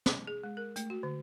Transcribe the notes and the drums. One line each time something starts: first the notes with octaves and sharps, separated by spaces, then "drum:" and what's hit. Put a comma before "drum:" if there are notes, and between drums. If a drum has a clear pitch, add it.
D6, drum: snare
G#4
G#3
A#4
A3, drum: hi-hat
F#4
D3